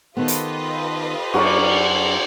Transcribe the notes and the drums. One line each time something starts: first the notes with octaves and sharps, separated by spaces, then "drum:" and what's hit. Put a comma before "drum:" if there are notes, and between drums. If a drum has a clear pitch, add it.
D#3 B3 F4 G4 A4 B4 C5 D#5
drum: hi-hat
F#2 F#4 A#4 D5, drum: cymbal